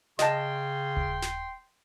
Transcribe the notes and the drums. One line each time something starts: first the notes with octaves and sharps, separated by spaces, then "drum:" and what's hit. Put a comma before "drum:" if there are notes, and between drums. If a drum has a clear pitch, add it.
C#3 D#5 G5 A5 C6, drum: snare
drum: kick D#1
drum: snare